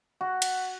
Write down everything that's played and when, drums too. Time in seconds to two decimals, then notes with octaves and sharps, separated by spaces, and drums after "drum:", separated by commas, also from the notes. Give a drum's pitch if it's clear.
0.21 F#4
0.42 drum: cymbal